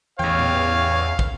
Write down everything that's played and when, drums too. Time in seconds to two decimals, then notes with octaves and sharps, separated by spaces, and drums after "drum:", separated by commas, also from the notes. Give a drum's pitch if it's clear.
0.19 A1 E2 C#5 F5 G5
0.39 drum: tom A#2
1.19 drum: kick